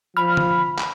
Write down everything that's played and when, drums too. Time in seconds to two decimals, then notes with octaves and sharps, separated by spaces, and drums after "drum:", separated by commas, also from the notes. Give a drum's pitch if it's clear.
0.17 F3 B5 F6
0.37 drum: tom
0.79 drum: clap